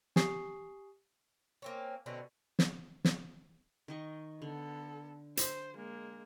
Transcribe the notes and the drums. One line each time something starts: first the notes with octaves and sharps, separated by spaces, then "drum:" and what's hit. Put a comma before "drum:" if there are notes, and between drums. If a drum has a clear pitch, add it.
G4 G#5 C#6 D#6 C7, drum: snare
A#3 C4 C#4
B2 D3 C4 C#4
drum: snare
drum: snare
D#3 D#5 C#6
D3 B3 A4
C5, drum: hi-hat
G#3 A#3